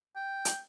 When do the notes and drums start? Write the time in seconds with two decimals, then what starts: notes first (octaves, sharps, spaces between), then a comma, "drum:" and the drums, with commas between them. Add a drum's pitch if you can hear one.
0.16 G5
0.45 drum: hi-hat